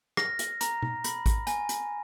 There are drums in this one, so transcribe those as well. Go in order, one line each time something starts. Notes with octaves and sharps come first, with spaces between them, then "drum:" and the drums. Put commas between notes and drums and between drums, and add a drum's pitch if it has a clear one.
F6 A#6, drum: rim click
drum: hi-hat
A#5, drum: hi-hat
drum: tom B2
B5, drum: hi-hat
drum: kick A1, hi-hat
G#5, drum: hi-hat
drum: hi-hat